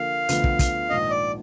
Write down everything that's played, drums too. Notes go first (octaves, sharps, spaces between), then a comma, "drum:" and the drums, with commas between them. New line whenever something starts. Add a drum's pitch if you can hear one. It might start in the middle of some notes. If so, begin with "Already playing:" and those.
Already playing: D3 F3 A#3 F4 F5
D2 D3 F3 B3, drum: hi-hat
drum: kick
drum: kick, hi-hat
A#1 G#2 D#3 D#5
D5